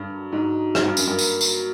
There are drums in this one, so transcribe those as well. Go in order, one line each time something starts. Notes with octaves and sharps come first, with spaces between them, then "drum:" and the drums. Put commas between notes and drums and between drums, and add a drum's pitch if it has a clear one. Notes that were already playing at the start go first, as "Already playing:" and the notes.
Already playing: G2 D3
F#3
G#2 F#3
D#4
G#2 D3, drum: rim click
G2
F#2 A#3, drum: tambourine
G2
F#3, drum: tambourine
F#3, drum: tambourine